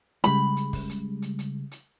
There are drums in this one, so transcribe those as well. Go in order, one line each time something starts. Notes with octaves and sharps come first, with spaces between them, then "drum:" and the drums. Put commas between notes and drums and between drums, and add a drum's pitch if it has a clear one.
C#3 G3 G#3 B5, drum: hi-hat
drum: hi-hat
drum: kick, open hi-hat
drum: hi-hat
drum: hi-hat
drum: hi-hat
drum: hi-hat